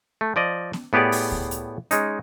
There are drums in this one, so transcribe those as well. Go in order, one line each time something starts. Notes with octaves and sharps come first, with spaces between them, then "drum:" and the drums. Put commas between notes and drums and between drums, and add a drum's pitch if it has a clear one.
A3
F3 D5 D#5
drum: snare B3
A2 B3 G4 G#4 D5
drum: open hi-hat
drum: kick C#2
drum: hi-hat
G#3 C#4 D#4, drum: hi-hat